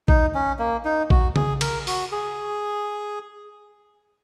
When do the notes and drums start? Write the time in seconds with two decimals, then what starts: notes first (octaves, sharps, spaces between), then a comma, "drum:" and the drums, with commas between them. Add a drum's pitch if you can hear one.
0.08 D#4, drum: kick A#1
0.35 C#4
0.59 A#3
0.85 D#4
1.10 F#4, drum: kick A#1
1.36 G#4, drum: tom C#3
1.61 A#4, drum: cymbal
1.87 F#4, drum: open hi-hat
2.12 G#4